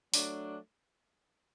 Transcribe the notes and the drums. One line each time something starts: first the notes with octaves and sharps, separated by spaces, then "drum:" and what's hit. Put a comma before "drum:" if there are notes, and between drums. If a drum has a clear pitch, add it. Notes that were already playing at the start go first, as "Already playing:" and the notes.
F#3 A3 D4, drum: open hi-hat